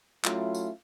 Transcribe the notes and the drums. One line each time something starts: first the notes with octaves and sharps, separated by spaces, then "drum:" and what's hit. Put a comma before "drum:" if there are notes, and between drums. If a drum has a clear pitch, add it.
F#3 A3 C#4 E4 F4, drum: clap
drum: tambourine